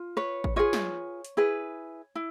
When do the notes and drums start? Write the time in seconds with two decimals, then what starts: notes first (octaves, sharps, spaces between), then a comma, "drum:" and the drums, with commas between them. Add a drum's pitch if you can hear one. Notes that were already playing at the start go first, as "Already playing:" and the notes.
Already playing: F4
0.17 B4 C#5
0.44 drum: kick
0.56 F4 G#4 B4 C#5 D#5
0.73 drum: snare
1.25 drum: hi-hat
1.37 E4 G#4 B4
2.15 E4